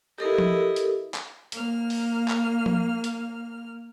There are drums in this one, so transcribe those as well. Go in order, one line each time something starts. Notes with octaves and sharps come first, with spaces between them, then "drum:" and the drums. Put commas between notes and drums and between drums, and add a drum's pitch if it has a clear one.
E4 G4 A4 A#4 D#5
drum: tom F3
drum: hi-hat
drum: clap
A#3 F6, drum: hi-hat
drum: open hi-hat
drum: clap
drum: tom F3
drum: hi-hat